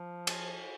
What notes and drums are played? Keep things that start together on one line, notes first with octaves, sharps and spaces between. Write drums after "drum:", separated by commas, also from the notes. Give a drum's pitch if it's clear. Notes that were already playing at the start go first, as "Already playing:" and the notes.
Already playing: F3
F4 G#4 C#5 G#5, drum: cymbal